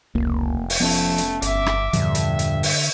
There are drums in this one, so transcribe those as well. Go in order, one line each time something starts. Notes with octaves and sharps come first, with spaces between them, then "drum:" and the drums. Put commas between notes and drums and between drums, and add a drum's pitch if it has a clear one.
F1 C#2 A#3
drum: open hi-hat
F3 A3 B3 C#4
drum: hi-hat
drum: hi-hat
G1 E5 D6, drum: hi-hat
drum: rim click
E2 G2 A#2 D3 F3 E5, drum: hi-hat
drum: hi-hat
drum: hi-hat
drum: open hi-hat